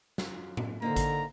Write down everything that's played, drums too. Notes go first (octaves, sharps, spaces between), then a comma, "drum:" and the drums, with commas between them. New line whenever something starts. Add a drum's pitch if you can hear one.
F#2 F4, drum: snare
drum: tom A2
D3 A#3 D#4 C5 A#5
drum: kick G#1, hi-hat